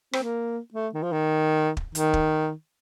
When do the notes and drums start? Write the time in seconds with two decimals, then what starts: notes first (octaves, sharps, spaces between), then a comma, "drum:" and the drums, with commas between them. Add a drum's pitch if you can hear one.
0.13 C4, drum: rim click
0.23 A#3
0.74 A3
0.94 D#3
1.03 F3
1.12 D#3
1.77 drum: kick
1.95 D#3, drum: hi-hat
2.14 drum: kick